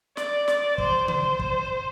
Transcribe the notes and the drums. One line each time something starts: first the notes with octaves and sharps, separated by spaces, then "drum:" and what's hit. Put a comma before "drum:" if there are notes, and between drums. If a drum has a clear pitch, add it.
D5, drum: snare
D5, drum: snare
C5, drum: kick
C5, drum: tom C#3
drum: kick